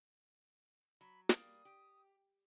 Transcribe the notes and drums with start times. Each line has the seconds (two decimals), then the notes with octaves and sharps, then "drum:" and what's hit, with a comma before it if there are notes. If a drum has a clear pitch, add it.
1.01 F#3 B5
1.29 G3 A#3 D#6, drum: snare
1.65 G4